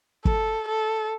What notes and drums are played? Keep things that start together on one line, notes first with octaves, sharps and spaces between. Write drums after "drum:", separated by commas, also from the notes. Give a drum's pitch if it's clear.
A4, drum: kick
A4